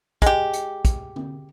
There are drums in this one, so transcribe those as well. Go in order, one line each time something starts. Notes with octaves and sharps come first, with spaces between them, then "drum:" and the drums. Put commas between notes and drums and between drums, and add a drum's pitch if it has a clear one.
G#3 G4, drum: kick, hi-hat
drum: hi-hat
drum: kick, hi-hat
drum: tom